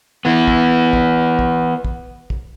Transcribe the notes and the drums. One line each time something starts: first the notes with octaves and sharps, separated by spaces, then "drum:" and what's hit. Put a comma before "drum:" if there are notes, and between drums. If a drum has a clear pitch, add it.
E3 B3
drum: kick
drum: kick
drum: kick
drum: kick
drum: kick